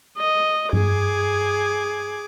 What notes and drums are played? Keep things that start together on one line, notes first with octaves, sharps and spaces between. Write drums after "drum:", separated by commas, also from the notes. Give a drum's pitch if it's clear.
D#5
G#4 D6 G#6, drum: tom G2